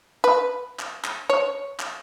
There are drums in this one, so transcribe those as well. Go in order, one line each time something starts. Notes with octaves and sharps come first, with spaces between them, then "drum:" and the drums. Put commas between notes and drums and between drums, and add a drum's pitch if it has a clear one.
B4
drum: clap
drum: clap
C#5
drum: clap